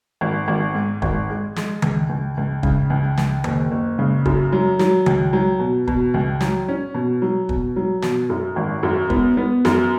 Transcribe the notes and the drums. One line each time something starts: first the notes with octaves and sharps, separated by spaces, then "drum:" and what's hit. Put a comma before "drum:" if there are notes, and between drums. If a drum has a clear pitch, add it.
G#1
G#1
G#2
G#1, drum: kick
G#3
G#3, drum: snare
C#2, drum: tom D#3
C#2
C#2
C#3, drum: kick
C#2
C#2, drum: snare
F#1, drum: tom D#3
F#1
C#3
F#2, drum: kick
F#3
F#3, drum: snare
C#2, drum: tom D#3
F#3
B2
B2, drum: kick
C#2
F#3, drum: snare
C#4
B2
F#3
B2, drum: kick
F#3
B2, drum: snare
F#2
G#1
F#2
B3, drum: kick
B3
F#2, drum: snare